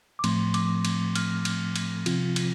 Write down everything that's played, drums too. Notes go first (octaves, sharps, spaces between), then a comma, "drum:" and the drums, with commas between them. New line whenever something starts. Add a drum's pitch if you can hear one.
D6
A2 F3 A3 C4 C6, drum: cymbal
D6, drum: cymbal
drum: cymbal
F6, drum: cymbal
drum: cymbal
drum: cymbal
C3 F3 C4 F4, drum: cymbal
drum: cymbal